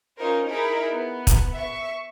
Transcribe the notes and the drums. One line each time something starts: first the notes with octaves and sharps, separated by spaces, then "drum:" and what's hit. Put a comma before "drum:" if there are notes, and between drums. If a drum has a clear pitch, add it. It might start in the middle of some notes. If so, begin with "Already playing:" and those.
C#4 D#4 F4 A#4 C5
D#4 E4 G#4 A#4 B5 D7
B3
drum: kick, hi-hat
E5 C#6